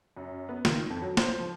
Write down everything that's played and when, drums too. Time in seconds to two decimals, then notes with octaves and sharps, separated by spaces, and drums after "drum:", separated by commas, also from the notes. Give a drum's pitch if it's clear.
0.17 F#2
0.49 B3
0.65 D#3, drum: snare
0.90 F2
1.02 F#3
1.17 C5, drum: snare
1.40 F3